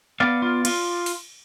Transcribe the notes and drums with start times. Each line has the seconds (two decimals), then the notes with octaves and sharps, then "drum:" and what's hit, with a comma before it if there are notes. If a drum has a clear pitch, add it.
0.20 B3 D5 F5
0.42 F4
0.65 F4, drum: cymbal
1.06 drum: open hi-hat